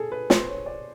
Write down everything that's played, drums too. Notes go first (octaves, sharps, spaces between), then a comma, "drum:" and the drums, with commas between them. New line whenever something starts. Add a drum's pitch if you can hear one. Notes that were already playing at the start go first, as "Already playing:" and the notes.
Already playing: G#4 A4
B4
C5, drum: snare
C#5
D5